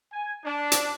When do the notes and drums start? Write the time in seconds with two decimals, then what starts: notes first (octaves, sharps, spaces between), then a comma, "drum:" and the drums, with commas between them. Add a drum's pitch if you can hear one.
0.12 G#5
0.45 D4
0.72 drum: hi-hat